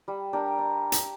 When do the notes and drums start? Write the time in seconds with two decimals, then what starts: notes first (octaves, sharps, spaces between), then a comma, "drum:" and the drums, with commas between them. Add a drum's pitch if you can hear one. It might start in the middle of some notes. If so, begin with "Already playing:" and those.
0.08 G3
0.33 D4 G4 A#4
0.59 D4
0.92 drum: hi-hat